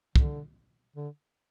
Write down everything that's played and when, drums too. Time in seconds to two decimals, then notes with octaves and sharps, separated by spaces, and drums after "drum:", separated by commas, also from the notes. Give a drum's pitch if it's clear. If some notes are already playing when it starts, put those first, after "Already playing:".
0.16 D3, drum: kick
0.96 D3